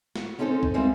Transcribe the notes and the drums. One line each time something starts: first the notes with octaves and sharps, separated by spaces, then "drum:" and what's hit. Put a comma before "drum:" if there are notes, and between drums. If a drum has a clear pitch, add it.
F#4, drum: snare
C4 C#4 D#4 A4 B4 C5
drum: kick
G3 G#3 A#3 C4 E4